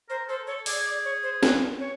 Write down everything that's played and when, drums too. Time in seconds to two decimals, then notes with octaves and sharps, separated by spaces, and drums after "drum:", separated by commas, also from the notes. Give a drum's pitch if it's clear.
0.09 A#4 C5
0.28 A4 C5
0.47 A4 C#5
0.66 G#4 D5, drum: open hi-hat
0.85 D5
1.05 C#5
1.23 C5
1.43 B4, drum: snare
1.80 C#5